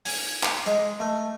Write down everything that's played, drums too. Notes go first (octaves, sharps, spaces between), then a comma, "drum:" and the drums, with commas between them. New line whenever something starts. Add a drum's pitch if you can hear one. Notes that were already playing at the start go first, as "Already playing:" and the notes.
G#5, drum: open hi-hat
drum: clap
G#3, drum: hi-hat
A3